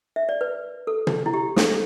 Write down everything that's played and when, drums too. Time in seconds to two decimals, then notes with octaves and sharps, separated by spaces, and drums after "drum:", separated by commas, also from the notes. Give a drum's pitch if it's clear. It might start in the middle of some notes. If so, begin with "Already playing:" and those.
0.16 E5
0.29 D5
0.41 B4
0.87 A4
1.07 drum: tom
1.26 E4
1.34 G4
1.56 A4, drum: snare